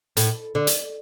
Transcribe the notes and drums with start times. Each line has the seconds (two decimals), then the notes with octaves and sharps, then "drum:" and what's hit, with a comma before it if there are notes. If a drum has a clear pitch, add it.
0.17 A2, drum: hi-hat
0.55 D3
0.67 drum: hi-hat